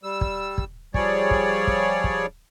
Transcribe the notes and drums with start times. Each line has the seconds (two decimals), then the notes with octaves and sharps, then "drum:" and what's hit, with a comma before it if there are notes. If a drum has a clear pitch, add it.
0.03 G3 E6
0.21 drum: kick
0.58 drum: kick
0.94 F3 G3 G#4 C#5 D5, drum: kick
1.31 drum: kick
1.67 drum: kick
2.04 drum: kick